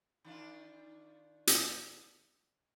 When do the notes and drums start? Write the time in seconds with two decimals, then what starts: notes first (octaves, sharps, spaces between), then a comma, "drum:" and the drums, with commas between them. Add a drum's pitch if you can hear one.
0.25 D#3 D4 F4
1.47 drum: hi-hat